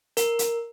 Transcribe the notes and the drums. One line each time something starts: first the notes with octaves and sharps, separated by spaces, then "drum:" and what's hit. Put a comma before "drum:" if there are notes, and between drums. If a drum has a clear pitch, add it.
A#4, drum: hi-hat
drum: hi-hat